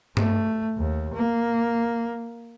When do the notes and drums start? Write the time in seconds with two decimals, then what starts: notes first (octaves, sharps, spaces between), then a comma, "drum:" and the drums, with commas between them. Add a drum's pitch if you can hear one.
0.17 A3, drum: tom G2
0.78 D#2
1.14 A#3